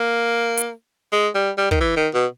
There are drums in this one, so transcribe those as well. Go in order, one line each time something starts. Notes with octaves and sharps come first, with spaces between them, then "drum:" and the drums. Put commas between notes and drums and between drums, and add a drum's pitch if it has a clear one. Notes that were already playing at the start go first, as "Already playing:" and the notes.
Already playing: A#3
drum: hi-hat
G#3
G3
G3
D#3, drum: kick
E3
D#3
B2